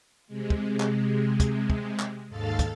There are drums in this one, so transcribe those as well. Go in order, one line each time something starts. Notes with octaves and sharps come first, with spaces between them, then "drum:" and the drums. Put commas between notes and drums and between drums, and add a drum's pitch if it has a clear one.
C3 G#3
drum: kick
drum: clap
drum: kick, hi-hat
drum: kick
drum: clap
D#2 G#2 A4 F5 A6
drum: kick, hi-hat